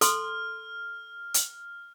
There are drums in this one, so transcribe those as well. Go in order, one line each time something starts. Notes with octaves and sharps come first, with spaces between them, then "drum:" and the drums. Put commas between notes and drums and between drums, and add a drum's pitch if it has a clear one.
A4 C6 F6, drum: hi-hat
drum: hi-hat